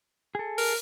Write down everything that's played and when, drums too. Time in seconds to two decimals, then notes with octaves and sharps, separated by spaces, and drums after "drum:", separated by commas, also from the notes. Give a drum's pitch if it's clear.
0.35 G#4 A4
0.58 A#4, drum: open hi-hat